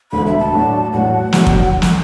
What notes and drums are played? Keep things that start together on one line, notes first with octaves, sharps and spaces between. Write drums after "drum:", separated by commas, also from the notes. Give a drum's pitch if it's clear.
E1 D2 D3 B5
E5
A5
A2 F#3 D4 F#4
A1 A2 F#3 F#5
B2 F#3 D4 F#4 D5, drum: snare
drum: kick
drum: snare